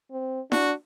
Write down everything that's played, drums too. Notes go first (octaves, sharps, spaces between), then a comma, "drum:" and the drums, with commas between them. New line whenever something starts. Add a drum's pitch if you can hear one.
C4
D4 F#4, drum: snare E4